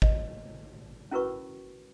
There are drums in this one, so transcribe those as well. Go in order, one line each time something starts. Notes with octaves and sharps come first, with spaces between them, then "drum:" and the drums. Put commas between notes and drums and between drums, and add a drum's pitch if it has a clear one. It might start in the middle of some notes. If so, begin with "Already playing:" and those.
D#5, drum: kick G#1
C#4 E4 F#4 A#4 B4 C#6